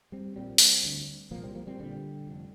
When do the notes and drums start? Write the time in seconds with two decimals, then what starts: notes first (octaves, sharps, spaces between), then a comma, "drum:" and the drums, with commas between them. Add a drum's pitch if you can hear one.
0.12 G3 C4
0.36 A#1 A#2 G3 C4
0.58 drum: open hi-hat
0.84 D2 D3
1.31 C2 A#2 F3 A#3
1.43 G3 C4
1.55 F3 A#3
1.67 G3 C4
1.79 A#1 A#2 D3 G3
2.27 F1 F2 D3